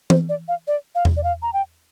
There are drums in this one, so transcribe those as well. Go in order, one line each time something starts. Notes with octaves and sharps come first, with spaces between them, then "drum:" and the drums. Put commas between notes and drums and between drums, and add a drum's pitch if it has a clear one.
C5, drum: tom E3
D5
F5
D5
F5
drum: tom E2
D5
F5
A#5
G5